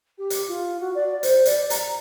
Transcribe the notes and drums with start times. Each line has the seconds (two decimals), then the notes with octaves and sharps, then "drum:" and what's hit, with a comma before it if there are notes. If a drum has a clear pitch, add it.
0.18 G4
0.30 drum: hi-hat
0.48 F4
0.80 F#4
0.95 D5
1.23 C5, drum: hi-hat
1.45 D5, drum: hi-hat
1.70 A#5, drum: hi-hat